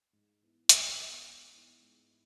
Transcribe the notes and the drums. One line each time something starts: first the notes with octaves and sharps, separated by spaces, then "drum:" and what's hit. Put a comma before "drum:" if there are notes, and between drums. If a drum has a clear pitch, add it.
G#2
E3 B3 E4
G#2, drum: hi-hat
E3 B3 E4
G#2
E3 B3 E4
G#2
E4